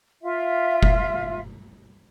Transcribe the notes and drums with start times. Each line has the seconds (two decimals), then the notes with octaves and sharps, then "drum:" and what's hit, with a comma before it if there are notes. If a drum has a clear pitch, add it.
0.22 F4 E5
0.83 drum: kick F1